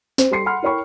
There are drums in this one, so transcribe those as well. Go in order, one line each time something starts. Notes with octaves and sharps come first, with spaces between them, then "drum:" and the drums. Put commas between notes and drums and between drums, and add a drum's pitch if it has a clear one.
C5, drum: snare
G3 A4 C6 C7 C#7
F#5 B5 C6 F6
E4 A#4 C#5 G5 B5 C#6